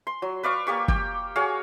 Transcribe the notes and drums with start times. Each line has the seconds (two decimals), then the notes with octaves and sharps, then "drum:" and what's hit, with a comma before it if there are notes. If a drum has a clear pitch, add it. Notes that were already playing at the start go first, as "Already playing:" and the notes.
0.07 C6
0.22 F#3
0.43 B4 D5 F5 C#6
0.67 A#3 G4 C#6
0.88 G5, drum: kick
1.36 F#4 G#4 C#5 F5